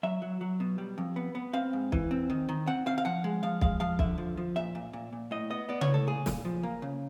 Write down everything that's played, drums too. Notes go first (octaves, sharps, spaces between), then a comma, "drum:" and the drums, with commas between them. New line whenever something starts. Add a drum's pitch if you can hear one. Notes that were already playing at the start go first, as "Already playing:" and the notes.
F#3 E5
F#3
F#3
B2
G3
F2
B3
B3
C4 F5
G#2
E3, drum: kick
C4
D#3
D#3
C4 F#5
C4 F5
F5
F3 F#5
G#3
F3 F5
G#3 F5, drum: kick
F3 F5
D3 E5, drum: kick
F3
F3
A#2 E5
A#2
A#2
A#2
A2 D#5
B3 D#5
B3 D5
C#5, drum: tom C#3
A2
A4
A#2 G#4
A#2, drum: snare
F3
A#3
C#3